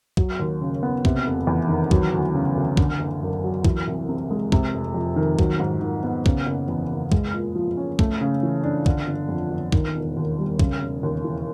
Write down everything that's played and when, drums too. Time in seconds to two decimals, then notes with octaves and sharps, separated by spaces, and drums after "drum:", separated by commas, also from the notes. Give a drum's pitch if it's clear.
0.17 F#3, drum: kick B1
0.40 D#2
0.61 C#3
0.83 B3
1.05 C3, drum: kick B1
1.26 F1
1.47 E2
1.69 D#3
1.91 F#3, drum: kick B1
2.13 D2
2.34 C#3
2.56 D2
2.77 D3, drum: kick B1
2.99 F#1
3.22 F#2
3.44 F#3
3.65 E3, drum: kick B1
3.87 C2
4.09 C3
4.31 G#3
4.52 C3, drum: kick B1
4.74 F1
4.94 F2
5.16 D#3
5.39 F#3, drum: kick B1
5.60 G#2
5.81 D#3
6.04 B3
6.26 C#3, drum: kick B1
6.47 F#1
6.68 E2
6.91 F#1
7.12 G#3, drum: kick B1
7.34 A#2
7.55 F3
7.77 C#4
7.99 A3, drum: kick B1
8.21 C#3
8.43 E3
8.64 D4
8.86 D3, drum: kick B1
9.07 G1
9.29 F2
9.51 G1
9.72 D#3, drum: kick B1
9.95 E1
10.17 D#2
10.38 G3
10.59 C#3, drum: kick B1
10.81 E1
11.03 D#2
11.24 E3